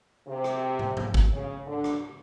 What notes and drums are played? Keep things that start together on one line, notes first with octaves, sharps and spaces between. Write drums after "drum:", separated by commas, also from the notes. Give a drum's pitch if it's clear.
C3
drum: rim click
drum: tom
drum: tom G#2
drum: kick
C#3
D3
drum: rim click